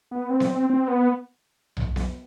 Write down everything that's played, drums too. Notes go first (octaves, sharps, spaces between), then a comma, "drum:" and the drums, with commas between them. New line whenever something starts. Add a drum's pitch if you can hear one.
B3
C4
drum: snare B3
C4
C4
B3
drum: tom B1
drum: snare B3